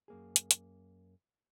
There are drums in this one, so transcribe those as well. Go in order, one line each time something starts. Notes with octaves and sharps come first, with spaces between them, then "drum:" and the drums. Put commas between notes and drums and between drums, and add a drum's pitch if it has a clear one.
F#2 A#3 G#4
drum: hi-hat
drum: hi-hat